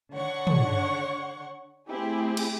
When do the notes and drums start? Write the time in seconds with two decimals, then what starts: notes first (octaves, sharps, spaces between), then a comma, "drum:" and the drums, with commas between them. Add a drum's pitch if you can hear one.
0.13 D3 C#5 F#5 C#6
0.47 drum: tom
1.88 A3 C4 E4 G4 G#4
2.37 drum: cymbal